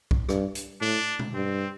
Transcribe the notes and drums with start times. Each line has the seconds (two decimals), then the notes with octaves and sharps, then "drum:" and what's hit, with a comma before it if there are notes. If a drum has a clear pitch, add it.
0.11 drum: kick B1
0.29 G2, drum: rim click
0.55 drum: hi-hat
0.81 A2 D4
1.19 drum: tom
1.33 G2 C4